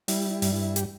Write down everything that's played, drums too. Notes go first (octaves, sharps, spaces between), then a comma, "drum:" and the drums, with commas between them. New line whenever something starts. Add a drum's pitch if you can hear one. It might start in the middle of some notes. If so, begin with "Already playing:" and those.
G3 E4, drum: open hi-hat
E4
G2, drum: open hi-hat
E4
G4, drum: hi-hat